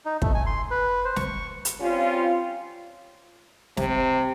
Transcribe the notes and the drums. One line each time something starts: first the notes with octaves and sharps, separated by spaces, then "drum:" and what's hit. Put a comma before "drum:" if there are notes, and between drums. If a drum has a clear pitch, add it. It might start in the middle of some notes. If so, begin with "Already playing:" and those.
D#4
A3, drum: kick
G#5
C6
B4
C5
C#6, drum: snare
drum: hi-hat
G3 C4 C#4 F4
C3, drum: snare